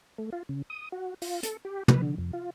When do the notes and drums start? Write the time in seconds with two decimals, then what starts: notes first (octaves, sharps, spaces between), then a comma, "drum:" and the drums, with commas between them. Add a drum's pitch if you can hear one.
0.18 A3
0.32 F4
0.49 C#3
0.70 D#6
0.92 F#4
1.22 F4, drum: open hi-hat
1.43 A4, drum: hi-hat
1.65 G4
1.88 B4, drum: tom
2.02 D3
2.18 F2
2.33 F4